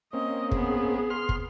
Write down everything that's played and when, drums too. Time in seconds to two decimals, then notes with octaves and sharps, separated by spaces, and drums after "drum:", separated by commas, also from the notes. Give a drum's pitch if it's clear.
0.13 A#3 C4 C#4 D#5
0.51 B3 G#4, drum: kick
1.10 C6 F6
1.29 drum: kick